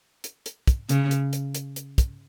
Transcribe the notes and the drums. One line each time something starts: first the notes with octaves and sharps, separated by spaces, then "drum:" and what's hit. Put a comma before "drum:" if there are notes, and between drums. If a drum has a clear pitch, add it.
drum: hi-hat
drum: hi-hat
drum: kick, hi-hat
C#3, drum: hi-hat
drum: hi-hat
drum: hi-hat
drum: hi-hat
drum: hi-hat
drum: kick, hi-hat